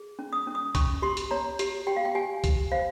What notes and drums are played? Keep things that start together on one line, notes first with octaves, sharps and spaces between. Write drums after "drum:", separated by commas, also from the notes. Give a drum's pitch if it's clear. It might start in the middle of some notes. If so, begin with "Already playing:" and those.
Already playing: G#4
C#4
D#6
C#4
D#6
C#4 C#6, drum: kick C2, hi-hat
G4 C6
drum: hi-hat
C#5 A#5
G4, drum: hi-hat
G4 G5
F5
G5
G4 G#5
G4, drum: kick C2, hi-hat
C5 F5